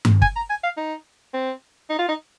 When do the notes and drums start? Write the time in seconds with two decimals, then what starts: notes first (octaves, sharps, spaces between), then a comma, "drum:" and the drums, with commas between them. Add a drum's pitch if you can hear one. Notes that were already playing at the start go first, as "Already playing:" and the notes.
0.05 drum: tom G2
0.22 G#5, drum: kick G1
0.36 A#5
0.50 G#5
0.63 F5
0.77 D#4
1.34 C4
1.90 D#4
1.99 F4
2.08 D#4